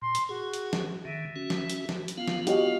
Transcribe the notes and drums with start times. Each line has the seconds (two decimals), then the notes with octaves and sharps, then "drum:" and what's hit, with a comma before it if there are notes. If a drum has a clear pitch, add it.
0.02 A#2 C6
0.15 drum: hi-hat
0.29 F#4 G#4
0.54 drum: hi-hat
0.73 drum: snare
1.05 D3 D#3 E5
1.36 C#4 F#4
1.50 drum: snare
1.70 drum: hi-hat
1.89 drum: snare
2.08 drum: hi-hat
2.18 B3 F4 F5
2.28 drum: snare
2.47 F#4 G4 D#5 F5, drum: hi-hat